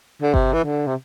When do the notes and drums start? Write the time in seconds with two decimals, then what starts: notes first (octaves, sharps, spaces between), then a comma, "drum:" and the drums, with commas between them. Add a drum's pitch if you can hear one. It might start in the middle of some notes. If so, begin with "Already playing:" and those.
0.22 D3
0.34 C3, drum: kick G1
0.53 E3
0.64 D3
0.87 C3